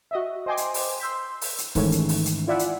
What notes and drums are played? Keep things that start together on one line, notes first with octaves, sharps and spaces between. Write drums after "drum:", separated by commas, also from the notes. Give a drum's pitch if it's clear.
F#4 D#5 E5
C5 D#5 G5 G#5 C6 D6
drum: hi-hat
drum: open hi-hat
C6 E6 G6 B6
drum: open hi-hat
drum: hi-hat
G#2 D#3 E3 A3 C#4, drum: kick C#1, open hi-hat
drum: hi-hat
drum: open hi-hat
drum: hi-hat
E4 F4 D5 E5 F#5 G#5
drum: hi-hat